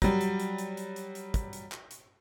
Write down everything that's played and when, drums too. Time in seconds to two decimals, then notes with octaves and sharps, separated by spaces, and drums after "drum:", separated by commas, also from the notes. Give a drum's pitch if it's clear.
0.02 F#3 G3, drum: kick, hi-hat
0.21 drum: hi-hat
0.40 drum: hi-hat
0.58 drum: hi-hat
0.77 drum: hi-hat
0.96 drum: hi-hat
1.15 drum: hi-hat
1.34 drum: kick, hi-hat
1.53 drum: hi-hat
1.72 drum: clap
1.91 drum: hi-hat